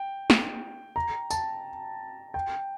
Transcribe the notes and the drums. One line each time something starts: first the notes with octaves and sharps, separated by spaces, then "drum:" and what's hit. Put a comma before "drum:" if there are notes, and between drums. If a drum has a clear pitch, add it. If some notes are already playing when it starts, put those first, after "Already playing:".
Already playing: G5
drum: snare
A#5
A5, drum: tambourine
G5